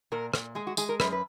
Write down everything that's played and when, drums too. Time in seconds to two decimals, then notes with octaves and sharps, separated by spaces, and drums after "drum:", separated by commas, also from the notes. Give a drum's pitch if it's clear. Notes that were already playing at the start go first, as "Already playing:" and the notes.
0.12 A#2 A#4
0.34 A#2, drum: rim click
0.55 G#3 G#4
0.67 F#4
0.77 G#3 G#4, drum: tambourine
0.89 A#4
1.00 F#2 B4, drum: rim click
1.12 B4